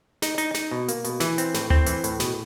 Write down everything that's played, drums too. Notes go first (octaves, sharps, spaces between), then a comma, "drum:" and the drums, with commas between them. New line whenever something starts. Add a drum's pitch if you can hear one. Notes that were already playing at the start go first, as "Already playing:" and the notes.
D#4, drum: snare
D#4, drum: hi-hat
D#4, drum: snare
B2
A#3, drum: hi-hat
B2, drum: hi-hat
E3, drum: snare
C4, drum: hi-hat
A2, drum: snare
C4, drum: tom D2
E3, drum: hi-hat
A2, drum: hi-hat
B2, drum: snare